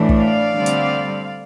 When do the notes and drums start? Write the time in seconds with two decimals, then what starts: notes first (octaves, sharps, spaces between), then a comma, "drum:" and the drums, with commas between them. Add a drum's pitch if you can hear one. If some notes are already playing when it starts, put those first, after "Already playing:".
Already playing: A2 E3 A3 D4
0.09 drum: kick
0.20 D5 F5
0.54 D3 G3 C4
0.66 drum: hi-hat